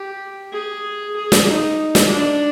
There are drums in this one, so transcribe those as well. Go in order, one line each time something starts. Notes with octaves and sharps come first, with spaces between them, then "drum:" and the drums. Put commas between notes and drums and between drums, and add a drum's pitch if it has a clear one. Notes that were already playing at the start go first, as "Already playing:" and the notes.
Already playing: G4
G#4
G#4
drum: snare
D#4
drum: snare
D4